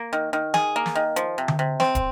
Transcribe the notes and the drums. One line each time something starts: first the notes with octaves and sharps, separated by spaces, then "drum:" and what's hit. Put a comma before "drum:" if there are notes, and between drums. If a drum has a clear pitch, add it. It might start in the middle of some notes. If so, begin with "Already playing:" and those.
Already playing: A#3
D#3
D#3
G#4, drum: snare
A#3
drum: snare
D#3
F3, drum: hi-hat
C3
drum: tom D3
C3
C4, drum: snare
drum: kick, hi-hat